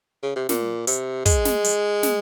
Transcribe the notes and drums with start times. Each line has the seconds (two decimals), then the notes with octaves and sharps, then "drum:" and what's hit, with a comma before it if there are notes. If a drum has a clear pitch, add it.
0.23 C#3
0.36 C3
0.49 A#2, drum: snare
0.87 C3, drum: hi-hat
1.26 G#3, drum: kick, hi-hat
1.45 drum: snare
1.64 drum: hi-hat
2.03 drum: snare